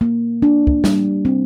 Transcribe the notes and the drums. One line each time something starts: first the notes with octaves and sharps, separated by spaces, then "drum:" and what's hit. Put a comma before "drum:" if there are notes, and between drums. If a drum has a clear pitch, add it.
A#3
D4
drum: kick
G3, drum: snare
C4